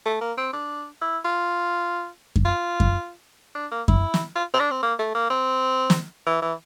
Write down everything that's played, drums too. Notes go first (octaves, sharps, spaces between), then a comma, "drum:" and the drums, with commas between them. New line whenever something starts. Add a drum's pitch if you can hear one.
A3
A#3
C4
D4
E4
F4
drum: kick F#2
F4
drum: kick F#2
D4
A#3
E4, drum: kick F#2
drum: snare
F4
C4
D4
C4
A#3
A3
A#3
C4
drum: snare
E3
E3